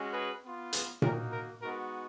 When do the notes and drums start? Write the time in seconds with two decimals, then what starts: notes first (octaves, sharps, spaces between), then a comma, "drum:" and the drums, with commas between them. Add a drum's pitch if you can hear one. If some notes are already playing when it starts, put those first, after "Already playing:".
Already playing: G#3 C#4 F#4
0.13 G#4 B4
0.43 B3 F4
0.73 G#4 B4, drum: hi-hat
1.02 A#3 D#4 F#4 A#4, drum: tom A#2
1.32 A#4
1.62 G#3 B3 D#4 F#4 A#4